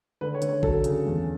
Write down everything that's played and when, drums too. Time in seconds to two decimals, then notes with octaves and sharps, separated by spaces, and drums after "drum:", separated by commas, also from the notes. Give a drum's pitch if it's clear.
0.21 D3 B4
0.34 C#5
0.42 D3, drum: hi-hat
0.49 C#5
0.63 F#3 A4, drum: kick A#1
0.84 C#3, drum: hi-hat
1.06 E2